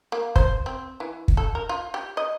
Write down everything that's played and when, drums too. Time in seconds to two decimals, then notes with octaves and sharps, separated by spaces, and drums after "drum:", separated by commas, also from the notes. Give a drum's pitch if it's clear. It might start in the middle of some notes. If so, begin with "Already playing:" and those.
0.12 A#3
0.36 C5, drum: kick
0.66 C4
1.00 E3
1.28 drum: kick
1.37 A4
1.55 A#4
1.69 F4
1.94 G4
2.17 D#5